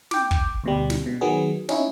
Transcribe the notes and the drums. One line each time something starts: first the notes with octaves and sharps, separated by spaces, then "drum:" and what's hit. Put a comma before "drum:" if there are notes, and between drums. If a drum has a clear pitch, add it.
G5 D6, drum: snare
drum: kick
D2 B2 G3
drum: snare
B2
D#3 F#3 B3 G#4
C#4 D#4 E4, drum: snare